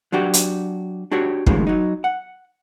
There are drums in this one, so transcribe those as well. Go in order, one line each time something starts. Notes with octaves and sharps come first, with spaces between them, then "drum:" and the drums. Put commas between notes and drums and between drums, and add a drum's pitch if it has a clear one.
F#3 D4 F#4 G4
drum: hi-hat
D4 F#4 G4 C#5
D#2 A2 C#3 F3 G#3 A#3, drum: kick
F#3 D#4
F#5